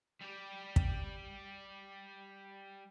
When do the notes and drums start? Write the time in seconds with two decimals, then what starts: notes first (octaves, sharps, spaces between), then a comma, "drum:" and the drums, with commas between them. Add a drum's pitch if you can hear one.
0.21 G3 G4
0.76 drum: kick